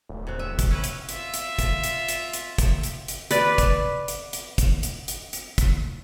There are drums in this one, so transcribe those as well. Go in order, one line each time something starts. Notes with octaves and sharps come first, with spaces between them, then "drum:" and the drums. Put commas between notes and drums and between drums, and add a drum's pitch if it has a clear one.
D1
E2 C3 A3 F#6
E5
drum: kick, hi-hat
C#4 E4 B4
drum: hi-hat
F4 E5, drum: hi-hat
drum: hi-hat
drum: kick, hi-hat
drum: hi-hat
drum: hi-hat
drum: hi-hat
drum: kick, hi-hat
drum: hi-hat
drum: hi-hat
B4 D5, drum: hi-hat
drum: kick, hi-hat
drum: hi-hat
drum: hi-hat
drum: kick, hi-hat
drum: hi-hat
drum: hi-hat
drum: hi-hat
drum: kick, hi-hat